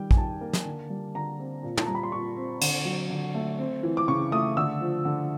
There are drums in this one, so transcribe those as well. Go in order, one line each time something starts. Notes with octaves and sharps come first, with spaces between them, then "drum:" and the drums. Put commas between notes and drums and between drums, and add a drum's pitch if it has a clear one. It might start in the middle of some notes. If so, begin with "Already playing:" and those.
Already playing: D#3 G3 G5
G#5, drum: kick
D#3 A5
A#3
drum: snare
D3
G3
D3 A#5
C4
A#2
A5, drum: tom
G3 A#5
B5
C6
A#2 C#6
C4
D3, drum: cymbal
F#3
D3
A3
C4
E3
D6
C#3 C#6
A3 D#6
D3 E6
F3
D3